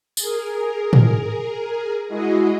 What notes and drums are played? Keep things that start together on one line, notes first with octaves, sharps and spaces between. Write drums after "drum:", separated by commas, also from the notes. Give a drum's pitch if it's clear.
G#4 A#4, drum: tambourine
drum: tom
G#3 E4 F#4 G#4 D#5